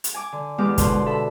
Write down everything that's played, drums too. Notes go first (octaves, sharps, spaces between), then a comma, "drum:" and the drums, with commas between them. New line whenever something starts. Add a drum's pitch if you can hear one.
drum: hi-hat
G#5 D6
D3
E2 G#3 B3 G4 D6 F6
G#2 B2 D3 C5 C6 F#6, drum: kick, hi-hat
A4 E5 B5